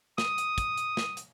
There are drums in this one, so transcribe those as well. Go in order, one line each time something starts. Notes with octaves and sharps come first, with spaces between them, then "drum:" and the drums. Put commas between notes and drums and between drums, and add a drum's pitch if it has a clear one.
D#6, drum: snare
drum: hi-hat
drum: kick, hi-hat
drum: hi-hat
drum: snare
drum: hi-hat